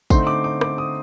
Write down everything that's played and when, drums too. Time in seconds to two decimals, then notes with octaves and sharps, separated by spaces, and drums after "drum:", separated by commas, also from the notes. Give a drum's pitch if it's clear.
0.10 D3 A3 C4 D#4 C6, drum: kick, tambourine
0.27 D6
0.44 D6
0.61 D6, drum: rim click
0.78 D#6